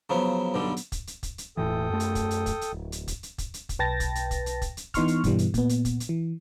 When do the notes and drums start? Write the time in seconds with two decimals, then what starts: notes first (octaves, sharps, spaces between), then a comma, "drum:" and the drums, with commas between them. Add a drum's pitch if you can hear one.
0.10 C#3 F3 F#3 B3
0.54 B1 G2 D3 G3
0.77 drum: hi-hat
0.92 drum: kick, hi-hat
1.07 drum: hi-hat
1.23 drum: kick, hi-hat
1.38 drum: hi-hat
1.57 E1 A2 E3 A4 G5 D#6
1.90 F#2 A3
2.00 drum: hi-hat
2.15 drum: kick, hi-hat
2.31 drum: hi-hat
2.46 drum: kick, hi-hat
2.61 drum: hi-hat
2.72 D1
2.92 drum: hi-hat
3.08 drum: kick, hi-hat
3.23 drum: hi-hat
3.38 drum: kick, hi-hat
3.54 drum: hi-hat
3.69 drum: kick, hi-hat
3.79 B1 B4 G5 A5 A6 A#6
4.00 drum: kick, hi-hat
4.15 drum: hi-hat
4.31 drum: kick, hi-hat
4.46 drum: hi-hat
4.62 drum: kick, hi-hat
4.77 drum: hi-hat
4.94 E3 B3 D#4 C6 C#6 F6, drum: kick, hi-hat
5.08 drum: hi-hat
5.24 G2 B2 E3 G3, drum: kick, hi-hat
5.39 drum: hi-hat
5.54 A#2 B3, drum: kick, hi-hat
5.69 drum: hi-hat
5.85 drum: kick, hi-hat
6.00 drum: hi-hat
6.09 E3